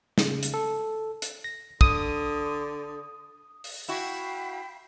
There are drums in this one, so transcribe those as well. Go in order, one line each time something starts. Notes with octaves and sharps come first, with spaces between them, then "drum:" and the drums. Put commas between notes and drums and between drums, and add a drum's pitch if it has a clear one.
C#3, drum: snare
drum: hi-hat
A4
drum: hi-hat
A#6
D3 D#6, drum: kick
drum: open hi-hat
E4 F#4 F5 G5 B5